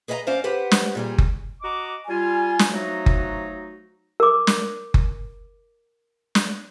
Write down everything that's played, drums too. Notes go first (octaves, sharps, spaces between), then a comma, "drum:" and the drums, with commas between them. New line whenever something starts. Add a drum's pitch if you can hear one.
G#4 B4 D#5 F5 A#5
A#3 C#4 C5 D5 F5 F#5
G4 B4 C5 F#5
drum: snare
A#2 G3 G#4
drum: kick F#1
F#4 D#5 A#5 D6
G3 F4 G#5
drum: snare
F3 F#3 A3 D#4 F#4
drum: kick F#1
A#4 D6
drum: snare
drum: kick F#1
drum: snare